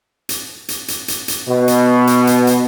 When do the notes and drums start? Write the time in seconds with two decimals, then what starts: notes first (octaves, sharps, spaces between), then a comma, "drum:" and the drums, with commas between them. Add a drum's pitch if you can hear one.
0.29 drum: hi-hat
0.68 drum: hi-hat
0.88 drum: hi-hat
1.08 drum: hi-hat
1.28 drum: hi-hat
1.48 B2
1.68 drum: hi-hat
2.07 drum: hi-hat
2.27 drum: hi-hat
2.47 drum: hi-hat